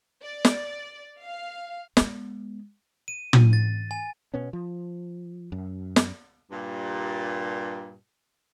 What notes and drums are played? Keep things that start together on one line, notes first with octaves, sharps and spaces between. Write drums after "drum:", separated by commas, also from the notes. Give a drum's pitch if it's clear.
D5
drum: snare
F5
G#3 B3, drum: snare
D#7
drum: tom
A6
G#5
B2 B3 C#4
F3
F#2
drum: snare
G2 A#2